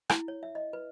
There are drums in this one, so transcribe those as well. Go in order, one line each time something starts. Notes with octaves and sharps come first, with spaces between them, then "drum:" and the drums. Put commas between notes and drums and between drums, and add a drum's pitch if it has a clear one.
E4, drum: rim click
C#5
E5
D#5
B4